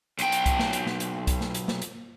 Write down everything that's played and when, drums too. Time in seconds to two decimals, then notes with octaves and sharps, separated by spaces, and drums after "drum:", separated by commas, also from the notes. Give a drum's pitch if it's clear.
0.19 B1 G5, drum: hi-hat
0.32 drum: hi-hat
0.46 drum: kick C2, hi-hat
0.59 drum: snare
0.73 drum: hi-hat
0.87 drum: snare
1.00 drum: hi-hat
1.27 drum: kick C2, hi-hat
1.41 drum: snare
1.55 drum: hi-hat
1.68 drum: snare
1.82 drum: hi-hat